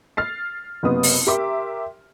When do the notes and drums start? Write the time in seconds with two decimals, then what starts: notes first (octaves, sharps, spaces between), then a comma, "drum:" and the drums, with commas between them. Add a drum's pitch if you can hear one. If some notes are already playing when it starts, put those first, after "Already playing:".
0.17 F6 A6 C7
0.83 F#1 C3 B3 D#6
1.03 drum: open hi-hat
1.27 G4 A#4 E5 C6 D6